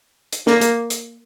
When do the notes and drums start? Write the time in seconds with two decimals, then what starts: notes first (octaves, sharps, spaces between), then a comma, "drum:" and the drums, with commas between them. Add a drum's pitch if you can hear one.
0.33 drum: hi-hat
0.47 A#3, drum: snare
0.61 drum: hi-hat
0.90 drum: hi-hat